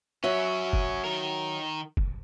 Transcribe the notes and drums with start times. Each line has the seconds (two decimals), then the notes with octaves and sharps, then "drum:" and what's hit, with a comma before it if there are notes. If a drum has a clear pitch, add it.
0.24 F#3 C#4 F#4 E5
0.73 drum: kick
1.04 D#3 A#4
1.97 drum: kick